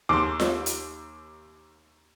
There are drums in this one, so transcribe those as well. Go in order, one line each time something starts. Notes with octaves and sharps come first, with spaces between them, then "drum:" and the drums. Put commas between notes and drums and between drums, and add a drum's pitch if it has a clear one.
D#2 C6 D6
drum: snare F4
drum: hi-hat